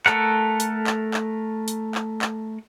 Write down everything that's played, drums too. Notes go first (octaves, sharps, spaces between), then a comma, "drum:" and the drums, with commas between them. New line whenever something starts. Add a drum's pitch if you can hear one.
A3 A4 A#4 F#5, drum: clap
drum: hi-hat
drum: clap
drum: clap
drum: hi-hat
drum: clap
drum: clap